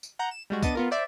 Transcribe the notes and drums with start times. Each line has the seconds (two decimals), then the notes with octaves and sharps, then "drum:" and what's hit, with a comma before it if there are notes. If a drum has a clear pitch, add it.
0.03 drum: tambourine
0.19 F#5 A#5 G6
0.31 E7
0.50 G3 G#3 F#4
0.63 B3 D4 D#5 A6 D#7, drum: kick C2, tambourine
0.75 B3 F4 A#4
0.91 C5 D5 E5